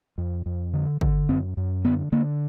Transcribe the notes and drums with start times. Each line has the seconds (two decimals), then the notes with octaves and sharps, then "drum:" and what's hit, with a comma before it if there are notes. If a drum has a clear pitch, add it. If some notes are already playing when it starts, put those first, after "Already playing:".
0.18 F2
0.46 F2
0.73 D3
1.01 D3, drum: kick
1.29 F#2 C4
1.57 F#2
1.85 D3 B3
2.12 D3 A#3